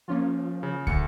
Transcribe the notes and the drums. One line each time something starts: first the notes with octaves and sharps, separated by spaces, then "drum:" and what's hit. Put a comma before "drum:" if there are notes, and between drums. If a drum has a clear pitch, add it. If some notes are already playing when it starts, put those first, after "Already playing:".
F3 A#3 C#4 F4
C#3
D2 C#7, drum: kick